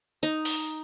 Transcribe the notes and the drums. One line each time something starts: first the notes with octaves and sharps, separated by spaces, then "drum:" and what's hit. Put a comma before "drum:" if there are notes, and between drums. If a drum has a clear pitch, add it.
D#4
drum: open hi-hat